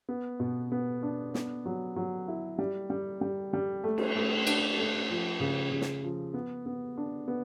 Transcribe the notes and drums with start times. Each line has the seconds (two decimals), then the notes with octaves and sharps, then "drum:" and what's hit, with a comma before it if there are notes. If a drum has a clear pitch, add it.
0.09 B3
0.40 B2
0.72 B3
1.03 D4
1.34 B3, drum: snare
1.66 F#3
1.96 F#3
2.28 E4
2.59 G3
2.90 G3
3.21 G3
3.53 G3
3.84 A3
3.98 drum: cymbal
4.15 A3
4.47 D4, drum: cymbal
4.78 A3
5.10 F3
5.40 C#3
5.71 C#3
5.81 drum: snare
6.03 F3
6.34 B3
6.66 B3
6.98 D4
7.28 B3